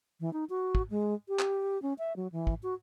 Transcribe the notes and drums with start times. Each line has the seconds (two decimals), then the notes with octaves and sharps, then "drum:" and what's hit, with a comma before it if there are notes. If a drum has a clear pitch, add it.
0.20 E3
0.33 D#4
0.50 F#4
0.75 drum: kick
0.90 G#3
1.28 G4
1.39 drum: clap
1.82 C#4
1.99 E5
2.16 F#3
2.32 E3
2.47 drum: kick
2.63 F#4